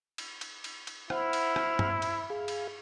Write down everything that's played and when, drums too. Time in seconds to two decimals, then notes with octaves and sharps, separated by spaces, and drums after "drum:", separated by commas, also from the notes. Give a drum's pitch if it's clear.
0.18 drum: cymbal
0.41 drum: cymbal
0.64 drum: cymbal
0.87 drum: cymbal
1.10 E4 C5 F#5 F6, drum: rim click
1.33 drum: cymbal
1.56 drum: rim click
1.79 drum: tom G2
2.02 drum: cymbal
2.30 G#4 F5
2.48 drum: cymbal